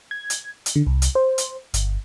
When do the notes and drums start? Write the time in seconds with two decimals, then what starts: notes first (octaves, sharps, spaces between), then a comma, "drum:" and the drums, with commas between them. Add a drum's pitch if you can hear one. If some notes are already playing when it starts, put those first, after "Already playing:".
0.11 G#6
0.30 drum: hi-hat
0.66 drum: hi-hat
0.75 D3
0.87 C2
1.02 drum: hi-hat
1.15 C5
1.38 drum: hi-hat
1.74 G1, drum: hi-hat